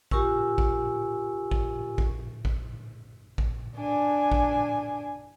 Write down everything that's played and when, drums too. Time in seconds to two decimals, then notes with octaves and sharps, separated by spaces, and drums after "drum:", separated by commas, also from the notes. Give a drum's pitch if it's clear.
0.11 F4 G4 A#4 G#5 C#6 E6, drum: kick A1
0.58 drum: kick A1
1.51 drum: kick A1
1.98 drum: kick A1
2.45 drum: kick A1
3.38 drum: kick A1
3.76 D4 G#5
4.32 drum: kick A1